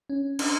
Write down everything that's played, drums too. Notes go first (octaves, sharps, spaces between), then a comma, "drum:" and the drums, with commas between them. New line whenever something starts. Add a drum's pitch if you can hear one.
C#4
D4, drum: cymbal